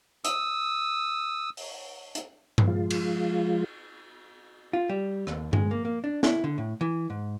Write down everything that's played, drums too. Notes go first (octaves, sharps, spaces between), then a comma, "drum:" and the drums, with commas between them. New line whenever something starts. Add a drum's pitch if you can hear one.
D#6 E6, drum: hi-hat
drum: open hi-hat
drum: hi-hat
drum: tom G2
F3 G#3 F4
drum: cymbal
F4
G3
D#2, drum: rim click
G#3, drum: tom G2
A#3
A#3
D4
E4, drum: snare
D3
A2
E3
G#2